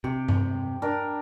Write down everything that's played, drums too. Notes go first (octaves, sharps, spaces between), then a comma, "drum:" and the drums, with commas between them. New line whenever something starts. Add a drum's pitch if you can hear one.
C3 G4
drum: tom G2
D4 A#4